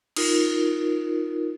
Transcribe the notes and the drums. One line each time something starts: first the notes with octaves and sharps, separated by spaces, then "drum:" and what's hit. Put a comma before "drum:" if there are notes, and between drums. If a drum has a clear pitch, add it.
D#4 F4 A#4, drum: cymbal